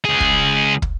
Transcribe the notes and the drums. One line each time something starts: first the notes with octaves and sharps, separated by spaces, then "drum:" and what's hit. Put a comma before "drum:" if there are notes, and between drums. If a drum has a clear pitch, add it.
C#2 G#4
drum: kick
drum: kick